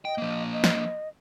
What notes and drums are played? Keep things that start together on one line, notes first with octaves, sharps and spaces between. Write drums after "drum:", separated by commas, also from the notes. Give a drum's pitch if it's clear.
D#5 G5
F3 A#3
D#5
drum: snare